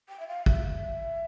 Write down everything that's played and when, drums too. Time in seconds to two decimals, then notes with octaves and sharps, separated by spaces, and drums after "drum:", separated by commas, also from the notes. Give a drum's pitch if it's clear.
0.09 G5
0.20 E5
0.27 F5
0.46 E5, drum: kick